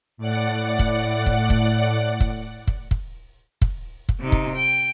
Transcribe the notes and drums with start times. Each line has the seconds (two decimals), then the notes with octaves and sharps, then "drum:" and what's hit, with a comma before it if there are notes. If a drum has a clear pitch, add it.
0.17 A2 D5 F#5
0.79 drum: kick
1.26 drum: kick
1.50 drum: kick
2.20 drum: kick
2.67 drum: kick
2.91 drum: kick
3.62 drum: kick
4.09 drum: kick
4.20 C3 D#4
4.32 drum: kick
4.56 G5